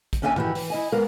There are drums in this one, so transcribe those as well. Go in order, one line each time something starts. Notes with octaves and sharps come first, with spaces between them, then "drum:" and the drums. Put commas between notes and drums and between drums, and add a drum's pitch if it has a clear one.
drum: kick A1, hi-hat
D#2 C#4 D4 E5 G5 G#5
D#3 E3 E4 F#4 G4, drum: tom G#2
E3, drum: open hi-hat
E4 D#5 G#5
G#3 B3 A#4 F5